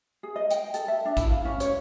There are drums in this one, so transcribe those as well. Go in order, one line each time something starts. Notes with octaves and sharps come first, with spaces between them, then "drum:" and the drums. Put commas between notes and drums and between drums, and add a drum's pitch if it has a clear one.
G#4
D#5
G5, drum: hi-hat
A4, drum: hi-hat
E5
D4
E4, drum: kick A1, hi-hat
F5
C#4
C#5, drum: hi-hat